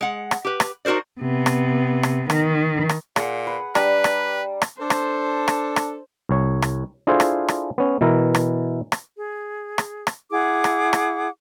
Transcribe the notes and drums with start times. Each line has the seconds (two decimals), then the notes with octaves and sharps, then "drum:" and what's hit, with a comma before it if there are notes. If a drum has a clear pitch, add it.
0.01 G#3 F#5
0.31 drum: rim click
0.45 G4 B4
0.60 drum: rim click
0.85 D#4 F#4 A#4 C5 D5
1.21 C3 B3
1.46 drum: rim click
2.03 drum: rim click
2.30 D#3, drum: rim click
2.89 drum: rim click
3.16 A#2 G#4 F#5, drum: rim click
3.47 B4
3.75 G3 D4 B4 A#5, drum: rim click
4.04 drum: rim click
4.62 drum: rim click
4.80 D4 A4 C5
4.90 drum: rim click
5.48 drum: rim click
5.76 drum: rim click
6.29 C2 C#5
6.62 drum: rim click
7.07 D4 E4 F4 G#4 A4 C5
7.20 drum: rim click
7.48 drum: rim click
7.78 B3 C#4
8.01 B2 E3 E4 A#4
8.35 drum: rim click
8.92 drum: rim click
9.16 G#4
9.78 drum: rim click
10.07 drum: rim click
10.31 E4 G#4 F#5 D6
10.64 drum: rim click
10.93 drum: rim click